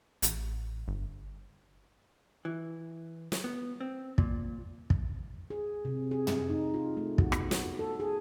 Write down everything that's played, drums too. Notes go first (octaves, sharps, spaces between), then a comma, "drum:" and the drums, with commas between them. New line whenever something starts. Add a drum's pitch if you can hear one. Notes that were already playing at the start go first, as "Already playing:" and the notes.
A1, drum: hi-hat
G1
E3
drum: snare
B3
C4
A#2, drum: kick
drum: kick
G#4
C3
G#4
drum: tom
D#4
F4
A3
F#4, drum: kick
B3, drum: rim click
F#4, drum: snare
A4
G#4